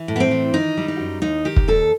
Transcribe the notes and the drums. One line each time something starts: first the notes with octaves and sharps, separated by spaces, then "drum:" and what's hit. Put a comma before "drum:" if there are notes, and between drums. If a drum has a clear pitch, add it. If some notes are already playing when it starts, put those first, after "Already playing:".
Already playing: E3
A2
B3
C4
E3
D#3 D#4
G3
D#4
F#2
D#2 D#4
D#3 G4
drum: kick
D#2 A4